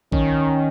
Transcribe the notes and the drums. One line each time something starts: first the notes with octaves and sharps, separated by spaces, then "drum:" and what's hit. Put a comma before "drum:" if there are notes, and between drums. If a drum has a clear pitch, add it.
D#3 C#4, drum: kick A1